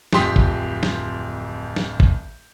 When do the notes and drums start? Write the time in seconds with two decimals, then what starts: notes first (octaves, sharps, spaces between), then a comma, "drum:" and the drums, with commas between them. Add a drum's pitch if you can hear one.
0.13 D1 F2 G4 C6 D#6 B6, drum: snare
0.36 drum: kick
0.83 drum: snare
1.76 drum: snare
2.00 drum: kick